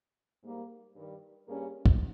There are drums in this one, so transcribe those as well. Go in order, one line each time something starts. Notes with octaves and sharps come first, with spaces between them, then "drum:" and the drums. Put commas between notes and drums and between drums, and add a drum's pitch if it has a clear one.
G#2 G3 A#3
G2 D#3 G3
G2 G3 A#3 C#4 G#4
drum: kick C#2